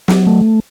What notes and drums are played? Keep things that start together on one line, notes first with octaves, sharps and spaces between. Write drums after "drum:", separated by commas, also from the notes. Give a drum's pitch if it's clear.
F#3, drum: snare
A3